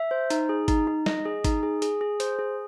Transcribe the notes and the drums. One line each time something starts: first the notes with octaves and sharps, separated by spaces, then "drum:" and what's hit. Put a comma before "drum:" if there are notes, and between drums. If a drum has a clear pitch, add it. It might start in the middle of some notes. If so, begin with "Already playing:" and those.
Already playing: E5
C5
D#4, drum: hi-hat
G#4
D#4, drum: kick G#1, hi-hat
D#4
D#5, drum: snare
G#4
D#4, drum: kick G#1, hi-hat
G#4
G#4, drum: hi-hat
G#4
C5, drum: hi-hat
G#4